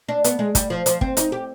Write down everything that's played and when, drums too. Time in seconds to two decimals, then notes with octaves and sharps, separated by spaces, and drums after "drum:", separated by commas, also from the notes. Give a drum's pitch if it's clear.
0.09 D4
0.24 B3, drum: hi-hat
0.39 G#3
0.55 G3, drum: kick, hi-hat
0.70 F3
0.86 F3, drum: hi-hat
1.01 C4, drum: kick
1.17 D#4, drum: hi-hat
1.32 G4